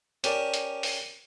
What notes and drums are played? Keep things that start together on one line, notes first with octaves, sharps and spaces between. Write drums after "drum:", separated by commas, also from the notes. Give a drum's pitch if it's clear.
C#4 G4 A#4 D5 A5, drum: hi-hat
drum: hi-hat
drum: open hi-hat